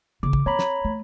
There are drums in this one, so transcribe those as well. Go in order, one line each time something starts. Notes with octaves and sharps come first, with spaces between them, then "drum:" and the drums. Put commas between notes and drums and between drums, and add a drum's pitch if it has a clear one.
C#3 E3 D6
drum: kick
C4 C#5 A#5 B5
drum: snare
A3